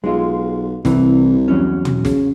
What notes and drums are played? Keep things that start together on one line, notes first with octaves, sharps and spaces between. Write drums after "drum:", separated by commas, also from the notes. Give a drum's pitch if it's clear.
B1 G#3 F4
C2 C3 E3, drum: snare
E2 F#3 C#4
drum: tom
C#3, drum: snare